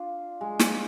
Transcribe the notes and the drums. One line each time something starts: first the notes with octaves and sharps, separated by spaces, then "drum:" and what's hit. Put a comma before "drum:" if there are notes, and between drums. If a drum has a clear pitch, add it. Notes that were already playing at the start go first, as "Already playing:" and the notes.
Already playing: D4 F4
G#3
drum: snare